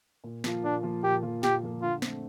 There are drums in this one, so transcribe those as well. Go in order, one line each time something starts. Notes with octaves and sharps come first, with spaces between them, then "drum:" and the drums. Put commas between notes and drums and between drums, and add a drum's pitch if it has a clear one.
A#2
F3 A#3 F4, drum: snare
A#2 D4
F3 A#3 F4
A#2 G4
F3 A#3 F4
A#2 G4, drum: snare
F3 A#3 F4
D3 F4
A3 C4, drum: snare